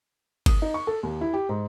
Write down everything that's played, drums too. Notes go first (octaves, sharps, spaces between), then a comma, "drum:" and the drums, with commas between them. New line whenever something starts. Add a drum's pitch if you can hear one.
D#6, drum: kick G1, cymbal
D#4
C#6
A4
D#2
E4
G4
G#2